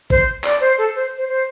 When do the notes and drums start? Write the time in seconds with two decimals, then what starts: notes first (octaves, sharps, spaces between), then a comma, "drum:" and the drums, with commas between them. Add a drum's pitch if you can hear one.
0.10 C5, drum: kick A1
0.44 D5, drum: clap
0.60 C5
0.78 A4
0.95 C5
1.17 C5
1.28 C5